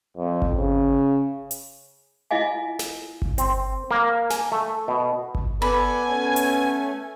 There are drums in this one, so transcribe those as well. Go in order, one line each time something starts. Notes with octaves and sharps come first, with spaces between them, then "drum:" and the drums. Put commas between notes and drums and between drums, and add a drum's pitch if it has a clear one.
F2
drum: kick G1
C#3
drum: hi-hat
E4 F4 D#5 F5 G#5
drum: snare
drum: kick G1
C4, drum: hi-hat
A#3
G#5, drum: snare
A3
B2
drum: kick G1
B3 A4 B4 D5 G#5 B5
A3 C#4
drum: hi-hat